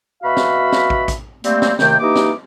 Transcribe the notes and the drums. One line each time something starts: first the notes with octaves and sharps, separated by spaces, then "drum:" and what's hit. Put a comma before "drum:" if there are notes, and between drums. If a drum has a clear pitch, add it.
B2 F#4 E5 F5 B5
drum: snare
drum: snare
drum: kick
drum: kick, hi-hat
G3 A3 A#3 C4, drum: hi-hat
drum: snare
D#2 C3 D#3 A3 G5, drum: snare
E3 A#3 D#4 G4 D#5 D6
drum: snare